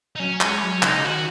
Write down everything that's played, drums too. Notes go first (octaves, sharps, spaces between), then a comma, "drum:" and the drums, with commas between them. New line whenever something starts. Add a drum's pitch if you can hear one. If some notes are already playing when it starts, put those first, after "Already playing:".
D#4
F#3 C#4
G#3, drum: clap
F#3
C#3 D#4, drum: clap
D#3 F#4